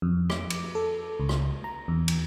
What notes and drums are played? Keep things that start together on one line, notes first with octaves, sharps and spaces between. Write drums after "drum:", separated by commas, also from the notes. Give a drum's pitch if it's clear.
F2
D6, drum: rim click
drum: cymbal
A4
C#2
drum: rim click
A#5
E2
drum: cymbal